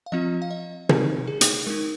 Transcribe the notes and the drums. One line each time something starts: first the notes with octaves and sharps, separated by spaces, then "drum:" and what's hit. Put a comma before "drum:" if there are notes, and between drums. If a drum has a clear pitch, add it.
F5
F3 C4 F4 D#5
F5
D#5
G#3 C4 D#4 A#4, drum: tom
G#4
drum: hi-hat
G#3 D#4 A#4